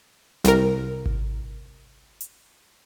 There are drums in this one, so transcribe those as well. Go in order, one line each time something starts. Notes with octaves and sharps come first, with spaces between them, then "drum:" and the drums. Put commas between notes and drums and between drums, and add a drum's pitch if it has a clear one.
C2 A#4, drum: snare
drum: kick G#1
drum: hi-hat